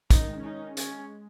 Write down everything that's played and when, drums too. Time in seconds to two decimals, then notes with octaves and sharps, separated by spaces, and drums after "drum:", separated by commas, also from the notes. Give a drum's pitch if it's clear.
0.10 C#3 D#4, drum: kick, hi-hat
0.19 D#3
0.27 G#3
0.36 C#4
0.44 D#4
0.61 G#3
0.77 G#3 C#4, drum: hi-hat